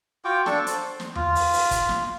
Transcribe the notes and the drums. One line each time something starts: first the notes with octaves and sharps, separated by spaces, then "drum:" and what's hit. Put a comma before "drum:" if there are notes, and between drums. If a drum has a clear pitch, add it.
F4 F#4 G5 D6
D4 A4 A5 C#6, drum: snare
C5, drum: hi-hat
drum: snare
F4, drum: tom E2
drum: open hi-hat
drum: open hi-hat
drum: kick, hi-hat
drum: snare